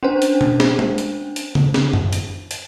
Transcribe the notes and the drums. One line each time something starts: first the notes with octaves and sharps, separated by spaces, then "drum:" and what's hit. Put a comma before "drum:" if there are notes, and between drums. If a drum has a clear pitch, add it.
C#4 D4 C5
drum: hi-hat
drum: tom B2
drum: snare
drum: tom
drum: hi-hat
drum: hi-hat
drum: tom C#3
drum: snare
drum: tom F#2
drum: hi-hat
drum: hi-hat